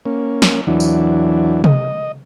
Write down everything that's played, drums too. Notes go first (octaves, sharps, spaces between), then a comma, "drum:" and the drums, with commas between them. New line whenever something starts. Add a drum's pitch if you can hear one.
A#3 C#4
drum: snare
E2 E3 F#3 D4
drum: tambourine
D#5, drum: tom C3